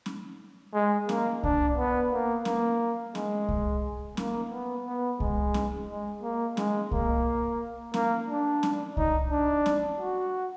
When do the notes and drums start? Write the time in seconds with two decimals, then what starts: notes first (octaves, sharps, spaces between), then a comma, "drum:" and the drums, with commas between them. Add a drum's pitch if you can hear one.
0.06 drum: snare C#4
0.74 G#3
1.09 A#3, drum: snare C#4
1.43 D4, drum: kick C2
1.77 B3
2.12 A#3
2.45 A#3, drum: snare C#4
3.15 G#3, drum: snare C#4
3.49 drum: kick C2
4.17 A#3, drum: snare C#4
4.51 B3
4.86 B3
5.20 G#3, drum: kick C2
5.54 drum: snare C#4
5.89 G#3
6.23 A#3
6.57 G#3, drum: snare C#4
6.91 A#3, drum: kick C2
7.94 A#3, drum: snare C#4
8.29 D4
8.63 drum: snare C#4
8.97 D#4, drum: kick C2
9.31 D4
9.66 drum: snare C#4
10.00 F#4